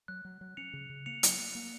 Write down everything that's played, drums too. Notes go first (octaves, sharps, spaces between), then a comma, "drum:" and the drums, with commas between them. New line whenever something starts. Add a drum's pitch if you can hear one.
F#3 F#6
F#3
F#3
C#4 C#7 F7
C#3
C#3
A#3 C#7 F7
F#3, drum: hi-hat
A#3
A#3